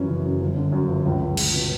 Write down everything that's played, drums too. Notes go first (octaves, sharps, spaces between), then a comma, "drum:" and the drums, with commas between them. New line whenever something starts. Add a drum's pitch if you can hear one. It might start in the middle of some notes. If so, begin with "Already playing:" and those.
Already playing: F#2 E3 F#3 C#4
F#1
F#2
G1
D3
F#2
G1
C#2
C#2
C#2, drum: cymbal
B2